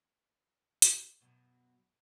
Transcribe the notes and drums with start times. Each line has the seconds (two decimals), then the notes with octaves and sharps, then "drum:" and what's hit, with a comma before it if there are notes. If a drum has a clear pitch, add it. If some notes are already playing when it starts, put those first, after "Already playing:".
0.82 drum: hi-hat
1.21 F#2 B2 F#3